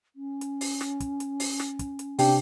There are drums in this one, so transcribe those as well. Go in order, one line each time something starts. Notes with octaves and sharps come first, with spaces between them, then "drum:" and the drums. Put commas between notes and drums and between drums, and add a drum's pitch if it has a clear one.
C#4
drum: hi-hat
drum: open hi-hat
drum: snare
drum: kick, hi-hat
drum: hi-hat
drum: open hi-hat
drum: snare
drum: kick, hi-hat
drum: hi-hat
C3 D4 G4, drum: open hi-hat